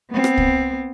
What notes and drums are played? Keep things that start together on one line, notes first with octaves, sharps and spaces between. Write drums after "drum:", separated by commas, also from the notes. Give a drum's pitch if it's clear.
B3 C4
drum: rim click
drum: kick